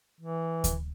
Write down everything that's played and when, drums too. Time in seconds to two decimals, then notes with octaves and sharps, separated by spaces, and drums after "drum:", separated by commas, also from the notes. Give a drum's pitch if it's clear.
0.21 E3
0.64 drum: kick D2, hi-hat